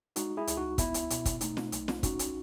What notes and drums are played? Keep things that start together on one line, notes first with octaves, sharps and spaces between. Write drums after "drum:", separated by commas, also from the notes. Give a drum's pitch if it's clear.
G#3 D#4 F#4, drum: hi-hat
E4 G#4
C#2, drum: hi-hat
D#4 F#4
B3 E4, drum: kick, hi-hat
drum: hi-hat
B2, drum: hi-hat
drum: kick, hi-hat
A3 D#4, drum: hi-hat
drum: snare
B1, drum: hi-hat
drum: snare
C#4 D#4 F#4, drum: kick, hi-hat
drum: hi-hat